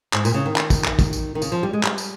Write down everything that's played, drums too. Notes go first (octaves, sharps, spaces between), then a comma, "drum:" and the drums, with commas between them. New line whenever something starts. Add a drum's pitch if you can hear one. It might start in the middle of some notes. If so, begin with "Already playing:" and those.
G#2, drum: clap
A#2, drum: tambourine
C#3
D#3
drum: clap
drum: kick, tambourine
drum: clap
drum: kick, tambourine
drum: tambourine
D#3
C#3, drum: tambourine
F3
G3
G#3
G3, drum: clap
drum: tambourine